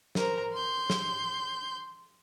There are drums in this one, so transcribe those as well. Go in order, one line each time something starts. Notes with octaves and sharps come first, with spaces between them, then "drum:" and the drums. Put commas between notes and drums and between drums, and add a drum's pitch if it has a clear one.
A#4 C5 A#5, drum: snare
C6 G6
drum: snare